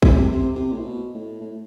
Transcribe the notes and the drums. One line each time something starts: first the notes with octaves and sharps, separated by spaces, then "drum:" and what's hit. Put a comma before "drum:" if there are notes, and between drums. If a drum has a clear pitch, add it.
D3, drum: kick
C3
C3
C3
A2
B2
A2
A2